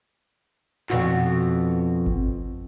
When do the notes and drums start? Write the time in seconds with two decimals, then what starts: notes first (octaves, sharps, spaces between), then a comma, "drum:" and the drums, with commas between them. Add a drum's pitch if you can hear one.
0.90 F2 B2 F#4, drum: clap
2.06 drum: kick G1